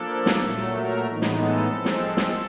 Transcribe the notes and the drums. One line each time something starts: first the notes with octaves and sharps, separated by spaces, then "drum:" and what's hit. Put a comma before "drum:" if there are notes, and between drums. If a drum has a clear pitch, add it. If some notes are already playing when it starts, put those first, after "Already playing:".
Already playing: F3 A#3 D4 A4
drum: snare
A#2 F#3 A3
A#4
A2 E3 G#3 B3 D#4
drum: snare
A4
F3 G#3 C4
drum: snare
drum: snare